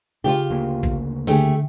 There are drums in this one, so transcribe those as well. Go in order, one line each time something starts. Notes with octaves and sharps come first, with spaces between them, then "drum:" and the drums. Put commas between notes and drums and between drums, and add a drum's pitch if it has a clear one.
C#3 F4 G4
D2 C#3 A#3
drum: kick A1
D3 A3 G4 G#4, drum: open hi-hat